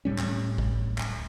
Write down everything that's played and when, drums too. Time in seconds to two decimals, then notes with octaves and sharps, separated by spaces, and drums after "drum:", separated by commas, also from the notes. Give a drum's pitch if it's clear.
0.05 D1 A2 G3 C#4
0.18 drum: clap
0.58 drum: kick G#1
0.98 drum: clap